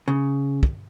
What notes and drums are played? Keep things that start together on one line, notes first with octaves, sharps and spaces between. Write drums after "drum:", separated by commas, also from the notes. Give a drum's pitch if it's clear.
C#3
drum: kick